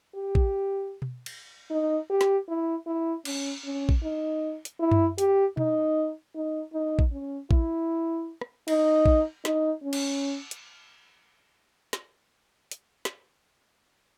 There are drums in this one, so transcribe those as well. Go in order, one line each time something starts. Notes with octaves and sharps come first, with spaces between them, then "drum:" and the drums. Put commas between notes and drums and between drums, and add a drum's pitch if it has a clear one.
G4
drum: kick
drum: tom B2
drum: cymbal
D#4
G4
drum: snare
E4
E4
C#4, drum: cymbal
C#4
drum: kick
D#4
drum: hi-hat
E4
drum: tom F#2
G4, drum: hi-hat
D#4, drum: tom B2
D#4
D#4
drum: kick
C#4
E4, drum: kick
drum: rim click
D#4, drum: cymbal
drum: kick
D#4, drum: snare
C#4
drum: cymbal
drum: hi-hat
drum: snare
drum: hi-hat
drum: snare